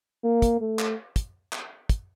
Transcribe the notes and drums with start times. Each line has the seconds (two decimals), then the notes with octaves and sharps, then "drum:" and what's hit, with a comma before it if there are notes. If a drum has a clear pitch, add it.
0.24 A#3
0.42 drum: kick, hi-hat
0.61 A3
0.79 drum: clap
1.16 drum: kick, hi-hat
1.53 drum: clap
1.89 drum: kick, hi-hat